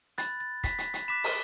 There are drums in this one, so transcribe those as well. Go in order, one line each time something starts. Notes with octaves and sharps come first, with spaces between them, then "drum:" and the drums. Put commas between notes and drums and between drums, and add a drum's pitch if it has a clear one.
B5 F#6 A6, drum: hi-hat
A6
B6, drum: kick, hi-hat
drum: hi-hat
drum: hi-hat
B5 D6 F#6 B6 E7
drum: open hi-hat